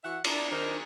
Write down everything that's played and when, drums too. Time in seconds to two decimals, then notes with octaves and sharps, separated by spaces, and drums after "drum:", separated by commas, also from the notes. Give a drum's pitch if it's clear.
0.03 E3 F#4 E5 F#5
0.24 D4 E4 D5, drum: cymbal
0.51 D#3 D4 D#4 A#4 C5